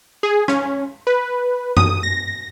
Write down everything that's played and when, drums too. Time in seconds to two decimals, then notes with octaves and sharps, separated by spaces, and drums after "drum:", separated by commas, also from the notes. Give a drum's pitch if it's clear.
0.23 G#4
0.48 C#4, drum: rim click
1.07 B4
1.77 D#6, drum: tom F#2
2.03 A#6